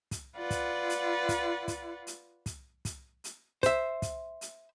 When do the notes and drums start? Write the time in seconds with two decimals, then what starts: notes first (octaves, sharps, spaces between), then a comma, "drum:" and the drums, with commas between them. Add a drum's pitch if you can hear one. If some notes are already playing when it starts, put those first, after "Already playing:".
0.11 drum: kick, hi-hat
0.37 F4 B4 D5 F#5
0.50 drum: kick, hi-hat
0.90 drum: hi-hat
1.29 drum: kick, hi-hat
1.68 drum: kick, hi-hat
2.07 drum: hi-hat
2.46 drum: kick, hi-hat
2.85 drum: kick, hi-hat
3.24 drum: hi-hat
3.63 C5 E5, drum: kick, hi-hat
4.02 drum: kick, hi-hat
4.41 drum: hi-hat